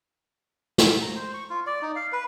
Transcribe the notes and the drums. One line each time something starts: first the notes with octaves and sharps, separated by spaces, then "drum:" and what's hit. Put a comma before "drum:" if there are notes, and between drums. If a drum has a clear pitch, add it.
drum: snare
A#5
C5
C#6
F4
D5
D#4
F5
B4